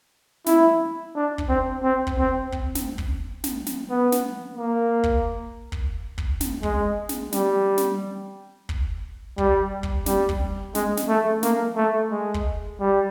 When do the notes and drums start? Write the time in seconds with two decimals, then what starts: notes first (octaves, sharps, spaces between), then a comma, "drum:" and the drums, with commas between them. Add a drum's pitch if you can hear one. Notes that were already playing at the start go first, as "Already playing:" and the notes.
0.46 E4, drum: snare
1.16 D4
1.38 drum: kick
1.49 C4
1.83 C4
2.07 drum: kick
2.18 C4
2.52 drum: kick
2.75 drum: snare
2.98 drum: kick
3.44 drum: snare
3.66 drum: snare
3.90 B3
4.12 drum: snare
4.57 A#3
5.04 drum: kick
5.72 drum: kick
6.18 drum: kick
6.41 drum: snare
6.63 G#3, drum: kick
7.09 drum: snare
7.32 G3, drum: snare
7.78 drum: snare
8.69 drum: kick
9.38 G3, drum: kick
9.83 drum: kick
10.06 G3, drum: snare
10.29 drum: kick
10.75 G#3, drum: snare
10.97 drum: snare
11.08 A3
11.43 A#3, drum: snare
11.77 A3
12.11 G#3
12.34 drum: kick
12.80 G3